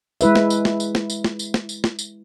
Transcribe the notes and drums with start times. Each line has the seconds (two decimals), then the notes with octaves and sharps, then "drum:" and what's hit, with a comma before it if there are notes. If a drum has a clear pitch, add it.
0.21 G#3 E4 B4 E5, drum: tambourine
0.35 drum: snare
0.50 drum: tambourine
0.65 drum: snare
0.80 drum: tambourine
0.95 drum: snare
1.10 drum: tambourine
1.24 drum: snare
1.39 drum: tambourine
1.54 drum: snare
1.69 drum: tambourine
1.84 drum: snare
1.99 drum: tambourine